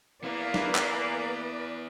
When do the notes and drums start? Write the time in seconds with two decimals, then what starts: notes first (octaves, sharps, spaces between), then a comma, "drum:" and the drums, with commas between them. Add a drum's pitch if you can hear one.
0.24 E3 A#3 B3 E4 B4 D5
0.54 drum: snare
0.75 drum: clap